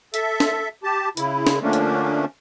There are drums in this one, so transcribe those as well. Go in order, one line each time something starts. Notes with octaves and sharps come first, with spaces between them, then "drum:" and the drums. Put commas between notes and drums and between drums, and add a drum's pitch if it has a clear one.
A4 E5, drum: hi-hat
drum: snare
G4 A5
C#3 E4, drum: hi-hat
drum: snare
D3 F3 A3 A#3 C#4 D4
drum: hi-hat